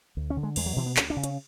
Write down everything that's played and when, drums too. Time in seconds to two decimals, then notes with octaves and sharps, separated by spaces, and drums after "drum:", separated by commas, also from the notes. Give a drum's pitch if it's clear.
0.17 D2
0.30 C#4
0.37 D3
0.43 G#3
0.56 E2 G#3, drum: cymbal
0.66 F#3
0.76 B2 E3
0.86 B3
0.97 D2 C#4, drum: clap
1.10 D4
1.16 C#3
1.24 C#4, drum: hi-hat